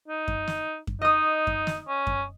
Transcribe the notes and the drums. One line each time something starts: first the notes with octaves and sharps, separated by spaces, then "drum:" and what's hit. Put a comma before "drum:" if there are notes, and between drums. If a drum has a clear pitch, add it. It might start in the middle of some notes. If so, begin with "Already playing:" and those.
D#4
drum: kick F#2
drum: snare
drum: kick F#2
D#4 D#5 D#6
drum: kick F#2
drum: snare
C#4
drum: kick F#2